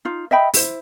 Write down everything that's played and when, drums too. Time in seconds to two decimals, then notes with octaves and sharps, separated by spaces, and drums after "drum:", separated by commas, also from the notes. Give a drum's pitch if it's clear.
0.05 D#4 F4
0.31 D#5 E5 G5 B5
0.54 E4 C5, drum: open hi-hat